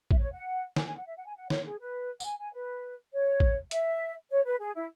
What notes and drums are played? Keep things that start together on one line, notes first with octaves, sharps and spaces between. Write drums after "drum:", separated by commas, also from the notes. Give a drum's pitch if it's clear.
E5, drum: kick A1
C#5
F#5
G#5, drum: snare
G#5
F#5
E5
F#5
G#5
F#5
C#5, drum: snare
G#4
B4
F#5, drum: tambourine
G#5
G#5
B4
C#5
drum: kick A1
E5, drum: hi-hat
C#5
B4
G#4
E4